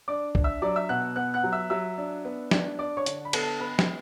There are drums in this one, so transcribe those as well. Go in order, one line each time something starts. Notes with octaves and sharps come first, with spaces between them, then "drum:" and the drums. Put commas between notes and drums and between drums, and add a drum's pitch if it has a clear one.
D4 D5 D6
D4, drum: kick C#2
E5 E6
F#3 D5 D6
E5 E6
B2 F#5 F#6
B3 F#5 F#6
F#5 F#6
F#3
E5 E6
F#3 E5 E6
D4
B3
D4, drum: snare
D4 D5 D6
C#5 C#6
D3, drum: hi-hat
B5
B3 A4 A5, drum: cymbal
B3 B4 B5
drum: snare